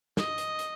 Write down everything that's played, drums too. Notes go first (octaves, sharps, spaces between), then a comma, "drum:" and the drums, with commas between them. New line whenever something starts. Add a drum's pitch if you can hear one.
D#5, drum: snare
drum: hi-hat
drum: hi-hat